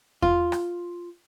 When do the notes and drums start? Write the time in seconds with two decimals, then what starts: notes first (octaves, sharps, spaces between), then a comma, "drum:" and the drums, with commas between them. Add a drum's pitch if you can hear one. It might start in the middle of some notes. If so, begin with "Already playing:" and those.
0.22 F4, drum: kick E2
0.52 drum: rim click